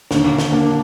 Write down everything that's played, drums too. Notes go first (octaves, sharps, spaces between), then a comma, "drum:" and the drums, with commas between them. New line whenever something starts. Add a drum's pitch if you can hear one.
D#2 D3, drum: snare
drum: snare
A#3 D4